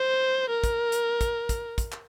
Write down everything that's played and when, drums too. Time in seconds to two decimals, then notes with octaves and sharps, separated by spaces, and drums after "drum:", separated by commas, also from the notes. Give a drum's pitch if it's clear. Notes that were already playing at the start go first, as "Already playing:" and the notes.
Already playing: C5
0.50 A#4
0.64 drum: kick, hi-hat
0.92 drum: hi-hat
1.21 drum: kick, hi-hat
1.49 drum: kick, hi-hat
1.78 drum: kick, hi-hat
1.92 drum: clap